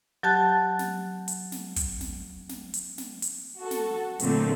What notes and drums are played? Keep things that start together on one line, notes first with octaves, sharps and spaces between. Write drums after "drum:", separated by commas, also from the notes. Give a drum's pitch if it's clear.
F#3 G4 A5 F#6 A6
drum: snare
drum: hi-hat
drum: snare
drum: kick, hi-hat
drum: snare
drum: snare
drum: hi-hat
drum: snare
drum: hi-hat
F#4 A4
drum: snare
A#2 D3 F#3 A3 A#3 C4, drum: hi-hat